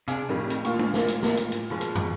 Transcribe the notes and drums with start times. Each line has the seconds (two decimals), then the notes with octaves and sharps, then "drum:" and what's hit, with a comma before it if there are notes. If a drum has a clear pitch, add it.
0.08 C3 D4 G#4 F5, drum: hi-hat
0.29 F2 A2 D#3 G3
0.50 drum: hi-hat
0.65 A#2 D3 F4 C#6, drum: hi-hat
0.79 drum: tom G#3
0.94 drum: snare A#4
1.08 drum: hi-hat
1.23 drum: snare A#4
1.37 drum: hi-hat
1.52 drum: hi-hat
1.70 B2 F3 G#3
1.81 drum: hi-hat
1.95 drum: tom